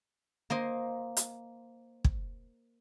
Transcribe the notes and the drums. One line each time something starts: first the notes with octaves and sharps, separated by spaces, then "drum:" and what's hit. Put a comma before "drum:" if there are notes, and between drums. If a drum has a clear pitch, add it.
A#3 C5 D#5
drum: hi-hat
drum: kick